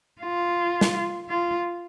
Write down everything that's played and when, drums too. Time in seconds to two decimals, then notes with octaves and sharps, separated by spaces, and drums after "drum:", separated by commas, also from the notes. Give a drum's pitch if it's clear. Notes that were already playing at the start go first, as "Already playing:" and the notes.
0.21 F4
0.81 drum: snare
1.29 F4